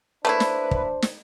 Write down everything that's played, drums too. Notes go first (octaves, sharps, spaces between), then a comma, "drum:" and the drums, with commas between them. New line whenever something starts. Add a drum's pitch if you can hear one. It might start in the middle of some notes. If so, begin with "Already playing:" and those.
A3 A#3 D4 E4 B4 C5
drum: snare
drum: kick
drum: snare